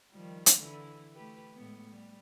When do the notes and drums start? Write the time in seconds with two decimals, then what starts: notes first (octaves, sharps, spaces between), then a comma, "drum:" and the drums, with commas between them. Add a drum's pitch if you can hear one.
0.12 D#3 F3 G3
0.46 drum: hi-hat
0.58 D3 E3 E4
1.14 A3 G4 B4
1.56 A2 G#3 B3
1.90 G3